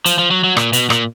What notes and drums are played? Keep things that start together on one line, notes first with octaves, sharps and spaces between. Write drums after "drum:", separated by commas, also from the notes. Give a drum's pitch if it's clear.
F3, drum: hi-hat
F3
F#3
F#3
A#2, drum: rim click
B2, drum: hi-hat
A#2, drum: rim click